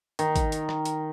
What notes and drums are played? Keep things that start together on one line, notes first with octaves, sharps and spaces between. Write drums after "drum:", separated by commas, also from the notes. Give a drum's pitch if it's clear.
D#3, drum: hi-hat
drum: kick, hi-hat
drum: hi-hat
drum: rim click
drum: hi-hat